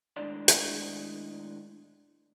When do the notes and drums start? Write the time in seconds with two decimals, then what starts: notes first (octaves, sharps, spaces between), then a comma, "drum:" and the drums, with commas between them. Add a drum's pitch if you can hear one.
0.16 A2 D#3 G#3 D4 D5 C6
0.48 drum: hi-hat